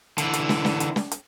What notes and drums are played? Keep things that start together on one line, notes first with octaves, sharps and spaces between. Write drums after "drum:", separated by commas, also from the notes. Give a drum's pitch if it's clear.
D3 E3, drum: hi-hat
drum: hi-hat
drum: snare
drum: snare
drum: hi-hat
drum: snare
drum: hi-hat